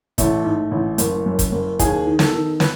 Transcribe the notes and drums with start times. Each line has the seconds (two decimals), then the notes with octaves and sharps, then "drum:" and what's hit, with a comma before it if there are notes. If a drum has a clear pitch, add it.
0.18 A1 A3, drum: kick, hi-hat
0.44 G#2
0.71 A1
0.98 F#1, drum: hi-hat
1.26 F#2
1.39 drum: kick, hi-hat
1.52 F#1
1.79 D#2 G#4, drum: kick, hi-hat
2.06 D#3
2.19 A4, drum: snare
2.33 D#3
2.60 B4, drum: snare